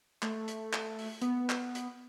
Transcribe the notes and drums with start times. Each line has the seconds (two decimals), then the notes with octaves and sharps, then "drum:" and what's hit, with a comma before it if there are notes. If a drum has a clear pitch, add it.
0.22 A3, drum: clap
0.48 drum: hi-hat
0.73 drum: clap
0.99 drum: open hi-hat
1.22 B3, drum: hi-hat
1.50 drum: clap
1.75 drum: hi-hat